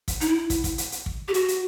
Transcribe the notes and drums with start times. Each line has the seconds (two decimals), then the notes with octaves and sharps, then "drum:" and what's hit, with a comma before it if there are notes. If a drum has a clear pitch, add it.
0.08 drum: kick, hi-hat
0.21 D#4, drum: hi-hat
0.29 E4
0.50 drum: kick, hi-hat
0.64 drum: kick, hi-hat
0.78 drum: hi-hat
0.92 drum: hi-hat
1.06 drum: kick
1.28 G4
1.34 F#4, drum: hi-hat
1.48 drum: hi-hat